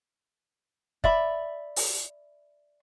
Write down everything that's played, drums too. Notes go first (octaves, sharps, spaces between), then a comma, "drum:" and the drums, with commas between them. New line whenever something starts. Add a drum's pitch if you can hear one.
D5 E5 B5, drum: kick
drum: open hi-hat